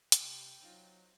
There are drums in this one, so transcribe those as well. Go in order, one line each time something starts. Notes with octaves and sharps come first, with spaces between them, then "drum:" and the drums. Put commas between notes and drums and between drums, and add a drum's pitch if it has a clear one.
C3 G5, drum: hi-hat
F#3 C4 D#4 F4